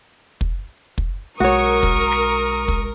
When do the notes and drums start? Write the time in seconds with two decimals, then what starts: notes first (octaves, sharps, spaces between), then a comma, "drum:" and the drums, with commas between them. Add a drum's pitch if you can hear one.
0.41 drum: kick
0.98 drum: kick
1.40 B1 G#3 F#4 A#4 C#5 C#6 D#6
1.83 drum: kick
2.11 drum: snare
2.68 drum: kick